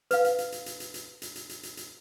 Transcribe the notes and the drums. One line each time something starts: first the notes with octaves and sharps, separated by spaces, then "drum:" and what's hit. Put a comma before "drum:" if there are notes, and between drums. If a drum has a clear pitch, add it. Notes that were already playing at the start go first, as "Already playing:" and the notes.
B4 F5, drum: hi-hat
drum: hi-hat
drum: hi-hat
drum: hi-hat
drum: hi-hat
drum: hi-hat
drum: hi-hat
drum: hi-hat
drum: hi-hat
drum: hi-hat
drum: hi-hat
drum: hi-hat